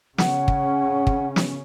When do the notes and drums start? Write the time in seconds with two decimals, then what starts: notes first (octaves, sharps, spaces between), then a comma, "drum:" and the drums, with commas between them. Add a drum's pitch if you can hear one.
0.18 C#3 C#4 F#5, drum: snare
0.48 drum: kick
1.07 drum: kick
1.36 drum: snare